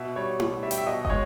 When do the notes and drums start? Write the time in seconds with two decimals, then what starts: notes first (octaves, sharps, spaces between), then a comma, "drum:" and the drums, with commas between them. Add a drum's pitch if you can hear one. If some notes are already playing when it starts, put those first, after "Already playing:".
Already playing: B2 E5
0.16 G3 C#5
0.40 B2, drum: tom E4
0.63 G3 E5
0.71 G5, drum: hi-hat
0.78 E5
0.86 B2 D#5
1.05 D#5, drum: kick
1.10 G#3 C#5